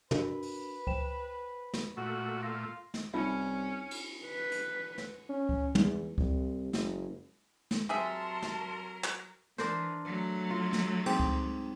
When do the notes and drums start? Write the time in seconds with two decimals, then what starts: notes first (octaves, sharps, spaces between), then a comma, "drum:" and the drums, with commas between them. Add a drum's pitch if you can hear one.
0.11 D4 F#4 A#4 B4, drum: tom
0.42 drum: open hi-hat
0.87 C5 G5 E7, drum: kick C#2
1.74 drum: snare
1.97 A#2 A3 F#4
2.43 F4 A#6
2.94 drum: snare
3.14 C2 C#4 D#4 F4 E5
3.91 drum: cymbal
4.26 B4
4.52 drum: hi-hat
4.98 drum: snare
5.29 C#4
5.49 drum: kick C#2
5.75 E2, drum: tom
6.18 C2, drum: kick C#2
6.73 F#1, drum: snare
7.71 drum: snare
7.89 C3 F#3 G#4 A#4 E5 A5 C6
8.42 drum: snare
9.04 drum: clap
9.58 E3 D4 A#4 C5, drum: snare
10.05 F#3 A3
10.50 F4
10.73 drum: snare
11.06 G#2 C4, drum: cymbal
11.20 drum: kick C#2